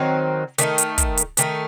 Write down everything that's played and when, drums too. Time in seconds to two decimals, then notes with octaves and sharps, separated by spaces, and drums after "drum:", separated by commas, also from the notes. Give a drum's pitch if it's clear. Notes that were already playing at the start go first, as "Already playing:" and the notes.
Already playing: D#3 F#3 C4 D#4
0.58 D#3 A3 D#4, drum: hi-hat
0.78 drum: hi-hat
0.98 drum: kick, hi-hat
1.17 drum: hi-hat
1.37 D#3 A3 D#4, drum: hi-hat